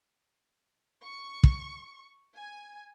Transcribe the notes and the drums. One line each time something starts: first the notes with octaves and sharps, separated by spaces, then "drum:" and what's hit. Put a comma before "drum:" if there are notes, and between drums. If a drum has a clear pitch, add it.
C#6
drum: kick
G#5